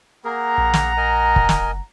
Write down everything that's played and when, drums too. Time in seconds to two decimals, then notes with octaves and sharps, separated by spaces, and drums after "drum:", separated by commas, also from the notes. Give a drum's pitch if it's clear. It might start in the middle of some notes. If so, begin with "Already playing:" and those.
0.25 A#3 G#4 A#4 F#5 A#5
0.58 A#1
0.74 drum: snare
0.97 A#4 D#5 G#5
1.36 drum: kick
1.49 F#1, drum: snare